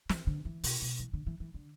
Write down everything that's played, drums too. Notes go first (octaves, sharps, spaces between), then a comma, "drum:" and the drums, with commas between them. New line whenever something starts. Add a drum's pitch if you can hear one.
E3, drum: snare
D3
E3
B2, drum: open hi-hat
B2
E3
D3
E3
E3
D3